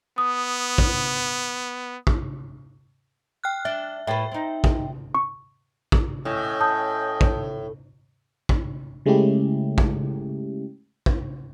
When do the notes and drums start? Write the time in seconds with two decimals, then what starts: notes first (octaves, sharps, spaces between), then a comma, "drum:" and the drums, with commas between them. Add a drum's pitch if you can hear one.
0.18 B3 D#6
0.78 drum: kick
2.07 drum: kick
3.44 G5 F6 F#6
3.65 D4 E5
4.07 A2 B4 E5 G5
4.32 C4 D#4
4.64 drum: kick
5.15 C#6
5.92 drum: kick
6.25 A2 C#4 D#5 G5
6.61 A5 D#6 G6
7.21 drum: kick
8.49 drum: kick
9.06 C#3 G#3 A3 C#4 E4 G4
9.78 drum: kick
11.06 drum: kick